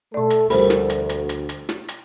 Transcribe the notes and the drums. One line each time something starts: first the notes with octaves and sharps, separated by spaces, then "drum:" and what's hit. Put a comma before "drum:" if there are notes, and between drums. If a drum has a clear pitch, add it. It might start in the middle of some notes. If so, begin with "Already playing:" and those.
B2 A3 A4 D5
drum: hi-hat
D2 F3 G3 A3 A#4 C5 B5, drum: open hi-hat
drum: snare
drum: hi-hat
drum: hi-hat
drum: hi-hat
drum: hi-hat
drum: snare
drum: hi-hat